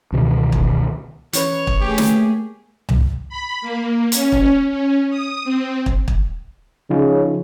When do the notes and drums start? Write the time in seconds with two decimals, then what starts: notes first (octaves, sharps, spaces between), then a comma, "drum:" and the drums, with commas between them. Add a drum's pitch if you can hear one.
0.12 C#2 B2 D#3 E3
0.52 drum: kick
1.33 E3 C#4 B4 C#5, drum: hi-hat
1.67 drum: kick
1.81 A3 A#3 G4 G#4
1.98 drum: snare
2.89 drum: tom C2
3.29 B5
3.62 A#3
4.12 C#4, drum: hi-hat
4.32 drum: kick
4.69 C#4
5.10 D#6
5.44 C4
5.86 drum: kick
6.08 drum: kick
6.90 C#3 F3 D#4 F4